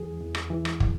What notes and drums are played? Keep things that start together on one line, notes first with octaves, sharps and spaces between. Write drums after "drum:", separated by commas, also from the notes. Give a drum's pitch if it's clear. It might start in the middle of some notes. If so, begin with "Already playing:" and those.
Already playing: E2 E3 G#4
E2
drum: rim click
E3
drum: rim click
drum: kick